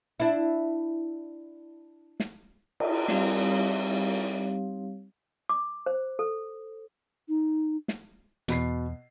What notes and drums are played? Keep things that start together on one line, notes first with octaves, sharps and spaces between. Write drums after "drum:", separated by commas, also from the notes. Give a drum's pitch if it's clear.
D4 E4
drum: snare
drum: cymbal
G3 C4 D#4 G4 C#5 F5, drum: snare
D6
C5
A4
D#4
drum: snare
E2 B2 B5 C7, drum: hi-hat